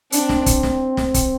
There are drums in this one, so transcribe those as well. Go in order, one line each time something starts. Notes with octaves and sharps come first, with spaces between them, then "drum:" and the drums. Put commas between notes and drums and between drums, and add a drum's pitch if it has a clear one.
C4 D4, drum: hi-hat
drum: snare
drum: kick, hi-hat
drum: snare
drum: snare
drum: kick, hi-hat